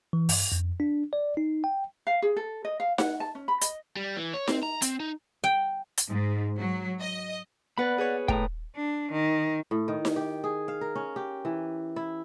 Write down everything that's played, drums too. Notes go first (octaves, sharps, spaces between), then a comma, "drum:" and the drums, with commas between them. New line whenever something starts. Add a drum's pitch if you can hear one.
E3
G2, drum: open hi-hat
F2
D4
D5
D#4
G5
F5
G#4
A4
D#5
F5
F#5, drum: snare D#4
A5
C#4
B5
D#5, drum: hi-hat
G3
E3
C#5
C4, drum: snare D#4
A#5
C4, drum: hi-hat
D#4
G5
drum: hi-hat
G#2
F#3
D#5
B3 B4 D5 F#5 B5
G#4 B4 C#5
A2 G5 A#5 D#6, drum: kick
D4
D#3
A2
D#3
drum: snare D#4
G4
G#4
F5
A#4
C#4
G4
E3
E4